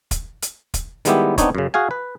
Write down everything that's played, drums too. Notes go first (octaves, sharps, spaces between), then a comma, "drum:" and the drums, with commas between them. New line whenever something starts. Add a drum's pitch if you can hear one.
drum: kick, hi-hat
drum: hi-hat
drum: kick, hi-hat
D#3 G3 G#3 B3 E4 G4, drum: hi-hat
B3 C4 D4 D#4 C#5, drum: kick, hi-hat
F#2 C#3
F#4 G#4 F5 G#5
B4